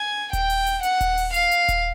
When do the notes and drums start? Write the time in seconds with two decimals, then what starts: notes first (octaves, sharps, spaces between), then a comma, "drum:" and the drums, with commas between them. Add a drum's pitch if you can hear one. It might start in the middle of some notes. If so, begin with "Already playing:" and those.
Already playing: G#5
0.33 G5, drum: kick D#1, hi-hat
0.50 drum: open hi-hat
0.67 drum: hi-hat
0.83 F#5, drum: hi-hat
1.01 drum: kick D#1, hi-hat
1.18 drum: open hi-hat
1.34 F5, drum: hi-hat
1.52 drum: hi-hat
1.68 drum: kick D#1, hi-hat